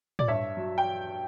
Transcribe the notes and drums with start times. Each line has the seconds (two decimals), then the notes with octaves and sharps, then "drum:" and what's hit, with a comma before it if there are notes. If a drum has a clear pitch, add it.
0.19 D5, drum: tom A2
0.28 G2 C#5 E5
0.57 F#3
0.78 G5